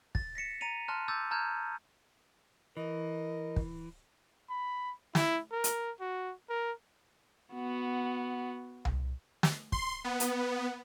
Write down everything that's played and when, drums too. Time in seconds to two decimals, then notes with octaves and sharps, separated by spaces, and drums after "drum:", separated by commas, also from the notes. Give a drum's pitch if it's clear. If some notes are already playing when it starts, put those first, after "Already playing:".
0.15 A6, drum: kick
0.35 A#6 B6 C#7 E7
0.61 A#5 A6 C#7 D#7 F7
0.88 A5 C6 F6 F#6 E7
1.08 D6 E6 G6 A6
1.31 A5 A#5 F6 G6 G#6
2.77 E3 A#4 D#5
3.56 drum: kick
4.50 B5
5.15 E4, drum: snare
5.52 A#4
5.64 drum: hi-hat
6.00 F#4
6.49 A#4
7.53 B3 F#4
8.85 drum: tom C2
9.43 drum: snare
9.72 C6, drum: kick
10.04 B3
10.20 drum: hi-hat